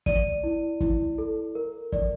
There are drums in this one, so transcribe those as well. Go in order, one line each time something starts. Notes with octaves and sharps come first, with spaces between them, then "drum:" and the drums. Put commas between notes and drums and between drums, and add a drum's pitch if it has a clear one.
D5 D#7, drum: kick
E4
E4, drum: kick
A4
A#4
D5, drum: kick